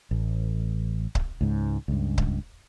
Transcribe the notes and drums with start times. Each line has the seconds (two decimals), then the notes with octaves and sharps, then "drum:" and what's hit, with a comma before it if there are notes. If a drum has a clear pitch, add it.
0.11 A1
1.15 drum: kick C#1
1.41 C#2 G#2
1.88 C#2 G2
2.18 drum: kick C#1